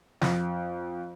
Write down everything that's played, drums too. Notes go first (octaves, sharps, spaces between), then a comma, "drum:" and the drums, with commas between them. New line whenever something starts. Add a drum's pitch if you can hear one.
F2, drum: snare